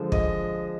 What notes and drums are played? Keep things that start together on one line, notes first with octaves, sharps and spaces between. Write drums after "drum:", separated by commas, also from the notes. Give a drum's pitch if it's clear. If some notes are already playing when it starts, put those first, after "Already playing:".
Already playing: D3 F3 G#3
D#5, drum: kick